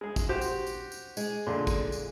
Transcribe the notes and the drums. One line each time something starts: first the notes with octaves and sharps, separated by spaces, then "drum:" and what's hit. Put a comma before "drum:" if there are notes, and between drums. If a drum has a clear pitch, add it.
G#3 G#4
drum: kick, tambourine
F#4 G4 C5
drum: tambourine
drum: tambourine
drum: tambourine
G#3 G#4, drum: tambourine
A#2 D3 C6
drum: kick, tambourine
drum: tambourine